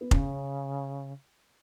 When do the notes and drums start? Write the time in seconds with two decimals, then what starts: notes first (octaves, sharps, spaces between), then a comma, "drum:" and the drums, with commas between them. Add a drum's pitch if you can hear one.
0.01 B3
0.11 C#3 C#4, drum: kick F1